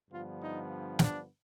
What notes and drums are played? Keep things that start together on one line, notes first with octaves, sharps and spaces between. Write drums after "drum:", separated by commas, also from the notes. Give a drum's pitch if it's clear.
G2 D3 F3 B3 F4
D#4
D4, drum: snare